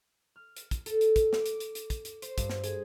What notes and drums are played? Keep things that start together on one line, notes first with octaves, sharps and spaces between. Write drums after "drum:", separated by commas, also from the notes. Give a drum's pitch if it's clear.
F6
drum: hi-hat
drum: kick, hi-hat
A4, drum: hi-hat
drum: hi-hat
drum: kick, hi-hat
D6, drum: snare
drum: hi-hat
drum: hi-hat
drum: hi-hat
drum: kick, hi-hat
drum: hi-hat
C5, drum: hi-hat
G2, drum: kick, hi-hat
drum: snare
G#4, drum: hi-hat